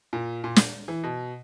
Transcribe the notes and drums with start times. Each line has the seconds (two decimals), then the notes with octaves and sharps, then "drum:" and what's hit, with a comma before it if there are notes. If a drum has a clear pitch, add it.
0.13 A#2
0.44 A#2
0.56 drum: snare
0.88 E3
1.04 B2